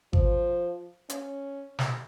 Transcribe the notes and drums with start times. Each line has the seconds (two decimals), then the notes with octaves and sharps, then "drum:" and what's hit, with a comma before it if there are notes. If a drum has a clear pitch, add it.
0.13 F3, drum: kick G#1
1.09 C#4, drum: hi-hat
1.79 drum: snare